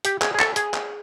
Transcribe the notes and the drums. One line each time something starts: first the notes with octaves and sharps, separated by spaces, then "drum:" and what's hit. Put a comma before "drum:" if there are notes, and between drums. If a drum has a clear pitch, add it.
G4, drum: hi-hat
G#4, drum: clap
G#4
A4, drum: clap
G#4, drum: hi-hat
drum: clap